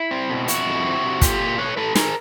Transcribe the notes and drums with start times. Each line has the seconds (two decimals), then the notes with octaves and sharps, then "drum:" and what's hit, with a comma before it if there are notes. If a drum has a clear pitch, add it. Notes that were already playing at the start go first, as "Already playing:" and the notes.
Already playing: E4
0.11 C4
0.30 B2
0.48 F2 E4 F#4, drum: hi-hat
0.66 F2
0.85 C4
1.03 C3
1.21 A#2 F4 G4, drum: kick, hi-hat
1.40 A#2
1.58 A2 B4 C#5
1.77 A2 A4 B4
1.95 A2 G#4 A#4, drum: snare